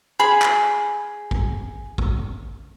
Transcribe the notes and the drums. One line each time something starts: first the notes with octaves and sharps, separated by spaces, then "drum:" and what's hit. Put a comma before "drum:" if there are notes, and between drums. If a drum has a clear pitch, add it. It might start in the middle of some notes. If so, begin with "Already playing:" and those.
G#4 B5
drum: clap
drum: kick
drum: kick